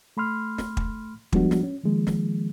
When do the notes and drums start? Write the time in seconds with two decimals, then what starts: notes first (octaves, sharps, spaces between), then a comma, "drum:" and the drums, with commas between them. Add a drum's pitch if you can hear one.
0.17 A3 B5 C6 F6
0.58 drum: snare
0.77 drum: kick
1.32 F3 G3 G#3 B3 D4 F#4, drum: kick
1.51 drum: snare
1.63 C#4
1.84 D#3 F3 G#3 A#3
2.07 drum: snare